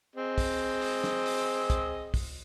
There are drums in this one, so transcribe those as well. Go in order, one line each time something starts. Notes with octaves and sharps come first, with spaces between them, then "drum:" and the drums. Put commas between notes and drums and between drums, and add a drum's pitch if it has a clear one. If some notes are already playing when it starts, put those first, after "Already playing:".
C4 G#4 D#5
drum: kick, open hi-hat
drum: open hi-hat
drum: snare
drum: open hi-hat
drum: kick, hi-hat
drum: kick, open hi-hat